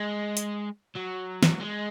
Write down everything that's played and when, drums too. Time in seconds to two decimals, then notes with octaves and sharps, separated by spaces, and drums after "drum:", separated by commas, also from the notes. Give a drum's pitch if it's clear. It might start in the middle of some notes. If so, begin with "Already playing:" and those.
Already playing: G#3
0.37 drum: hi-hat
0.96 F#3
1.43 drum: snare
1.60 G#3